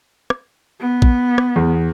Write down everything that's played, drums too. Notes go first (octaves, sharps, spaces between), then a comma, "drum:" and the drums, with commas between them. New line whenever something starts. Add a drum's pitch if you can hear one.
drum: rim click
B3
drum: kick A#1
drum: rim click
E2